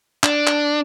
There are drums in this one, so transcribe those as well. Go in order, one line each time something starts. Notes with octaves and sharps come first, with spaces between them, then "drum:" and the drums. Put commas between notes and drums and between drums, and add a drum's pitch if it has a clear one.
D4, drum: clap
drum: clap